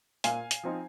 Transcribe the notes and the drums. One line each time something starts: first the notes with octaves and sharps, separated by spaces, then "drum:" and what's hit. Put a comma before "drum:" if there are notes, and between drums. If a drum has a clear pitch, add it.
A#2 F5 G#5, drum: hi-hat
drum: hi-hat
F3 C4 D#4